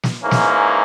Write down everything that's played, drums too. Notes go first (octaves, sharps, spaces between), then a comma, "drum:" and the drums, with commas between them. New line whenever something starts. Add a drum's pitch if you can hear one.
drum: snare
G#2 E3 A#3 C#4
drum: snare